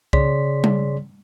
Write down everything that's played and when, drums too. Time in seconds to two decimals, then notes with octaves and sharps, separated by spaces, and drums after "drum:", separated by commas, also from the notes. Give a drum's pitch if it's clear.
0.13 C#3 G#4 C#5 D5 C6 B6, drum: kick C2
0.64 drum: tom G3